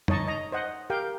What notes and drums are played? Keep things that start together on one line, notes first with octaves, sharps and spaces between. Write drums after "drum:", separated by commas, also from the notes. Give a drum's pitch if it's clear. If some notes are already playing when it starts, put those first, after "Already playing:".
D#4 C#5 D#5 A5 C#6, drum: tom
D#5 A#5
C5 D#5 F#5
G4 A#4 F5 G5